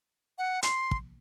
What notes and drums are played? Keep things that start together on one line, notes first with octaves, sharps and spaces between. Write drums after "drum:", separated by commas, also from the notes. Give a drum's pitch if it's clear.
F#5
C6, drum: hi-hat
drum: kick